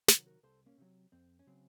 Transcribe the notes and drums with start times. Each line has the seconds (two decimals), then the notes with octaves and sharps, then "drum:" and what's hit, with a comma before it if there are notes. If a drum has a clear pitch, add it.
0.08 C3 D#3 F#3 F#4 A#4, drum: snare
0.26 F#4 A#4
0.43 C2 A4 C5
0.66 A#3 C#4
0.78 C3 D#3 F#3
1.12 F2 C4
1.39 C#4
1.47 C#3 F#3 C4